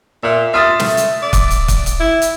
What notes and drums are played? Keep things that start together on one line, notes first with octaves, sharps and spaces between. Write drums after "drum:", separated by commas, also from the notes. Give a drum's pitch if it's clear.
A#2 E5
F4 E5 D#6 A6
A3, drum: snare
drum: hi-hat
D5
drum: kick, hi-hat
drum: hi-hat
drum: kick, hi-hat
drum: hi-hat
E4
drum: hi-hat